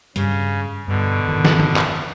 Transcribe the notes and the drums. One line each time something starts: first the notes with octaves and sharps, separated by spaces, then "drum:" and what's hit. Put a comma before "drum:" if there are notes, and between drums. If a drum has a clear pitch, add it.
G2 C#3 G3, drum: hi-hat
G2 B2 D3
F1 G#2 D#3
drum: snare
drum: tom
drum: clap